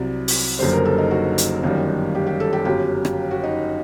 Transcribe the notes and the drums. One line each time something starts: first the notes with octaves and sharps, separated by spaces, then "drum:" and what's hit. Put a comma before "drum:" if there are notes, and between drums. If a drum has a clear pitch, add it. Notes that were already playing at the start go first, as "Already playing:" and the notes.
Already playing: C2 C3 F#3 D5
drum: open hi-hat
F#1 F#2 D3 G3 C5
A#4
A4
D#4
F#4
drum: hi-hat
G1 F#2 D#3 G3
G4
G4
A4
G4
G1 F#2 F#3 G4
drum: rim click
F#4
D#4